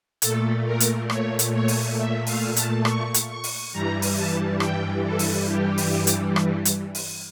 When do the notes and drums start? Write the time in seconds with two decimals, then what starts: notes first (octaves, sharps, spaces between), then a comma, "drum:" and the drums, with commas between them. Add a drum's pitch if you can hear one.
0.22 A#2 A3 A4, drum: hi-hat
0.65 A#4
0.80 drum: hi-hat
1.10 C#5, drum: rim click
1.39 drum: hi-hat
1.53 C#5
1.68 drum: open hi-hat
1.98 E5
2.27 F5, drum: open hi-hat
2.56 A5, drum: hi-hat
2.85 C#6, drum: rim click
3.14 drum: hi-hat
3.29 C#6
3.44 drum: open hi-hat
3.72 G2 E3 G3 A#5
4.02 drum: open hi-hat
4.17 A5
4.60 G5, drum: rim click
5.05 A4
5.19 drum: open hi-hat
5.48 G4
5.78 drum: open hi-hat
6.07 drum: hi-hat
6.36 drum: rim click
6.65 drum: hi-hat
6.95 drum: open hi-hat